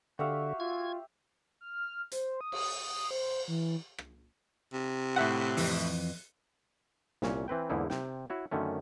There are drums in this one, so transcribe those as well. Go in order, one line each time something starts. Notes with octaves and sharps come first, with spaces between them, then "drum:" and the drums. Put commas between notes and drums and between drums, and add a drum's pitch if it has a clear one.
D3 F#4 G4 E5 F5
F4 G#6
F6
C5, drum: hi-hat
D#6
drum: cymbal
C5
E3
drum: rim click
C3
A2 E5 F#5 F#6
F2 E3, drum: open hi-hat
C2 A#2 C#4, drum: snare
E3 C4 B4 G5
E2 G#2 D3 A#3 D#4 E4
C3 G5, drum: snare
E4 F#4 C#5
F#2 D3 D#3 A3 C#4